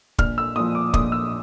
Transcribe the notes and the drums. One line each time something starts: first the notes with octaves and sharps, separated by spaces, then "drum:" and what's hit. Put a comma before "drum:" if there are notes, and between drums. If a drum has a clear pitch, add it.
A#1 F6, drum: kick
E6
A#2 F3 D#6
D6
A#1 D#6, drum: kick
E6